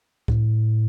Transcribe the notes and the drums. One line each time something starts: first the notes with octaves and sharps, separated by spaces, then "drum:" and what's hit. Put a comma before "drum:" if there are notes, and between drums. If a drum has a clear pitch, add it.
A2, drum: kick